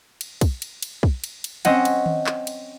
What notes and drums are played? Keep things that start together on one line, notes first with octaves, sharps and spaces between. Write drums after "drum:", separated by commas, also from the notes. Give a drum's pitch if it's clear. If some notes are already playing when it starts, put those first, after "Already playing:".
drum: cymbal
drum: kick, cymbal
drum: cymbal
drum: cymbal
drum: kick
drum: cymbal
drum: cymbal
C4 C#4 D#5 F#5, drum: cymbal
drum: cymbal
drum: tom D#3
drum: clap
drum: cymbal